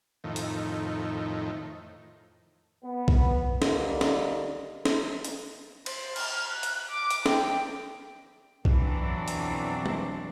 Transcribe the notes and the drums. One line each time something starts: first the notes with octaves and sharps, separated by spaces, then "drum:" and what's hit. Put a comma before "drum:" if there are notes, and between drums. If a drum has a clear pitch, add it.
F2 A2 D#3
drum: hi-hat
B3
drum: kick B1
D3 D#3 G3 A#3, drum: snare
drum: snare
drum: snare
drum: hi-hat
C5, drum: cymbal
F6, drum: cymbal
F#6
drum: hi-hat
D6
drum: hi-hat
G5, drum: snare
F2 B2 E3 F#3 C4 D4, drum: kick B1
drum: hi-hat
drum: tom G#3